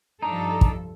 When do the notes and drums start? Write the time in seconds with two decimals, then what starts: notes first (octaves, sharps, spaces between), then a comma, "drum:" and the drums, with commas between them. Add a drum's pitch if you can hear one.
0.22 G2 F3 D4 D#4 A4 A#5
0.61 drum: kick